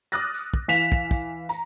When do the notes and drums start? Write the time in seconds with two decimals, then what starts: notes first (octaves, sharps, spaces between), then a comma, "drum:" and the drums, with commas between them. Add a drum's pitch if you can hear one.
0.12 D6 D#6 F6 F#6 A6 A#6
0.34 drum: tambourine
0.54 drum: kick
0.68 E3 F5 B6 E7 F7
0.92 drum: kick
1.11 drum: kick, tambourine
1.49 A#5, drum: tambourine